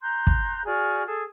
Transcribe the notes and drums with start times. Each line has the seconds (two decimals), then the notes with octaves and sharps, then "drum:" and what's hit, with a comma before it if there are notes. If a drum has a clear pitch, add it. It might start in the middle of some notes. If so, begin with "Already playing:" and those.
0.02 A#5 C6 F#6 G6
0.27 drum: kick
0.66 F#4 G#4 D5 F6
1.06 G#4 A4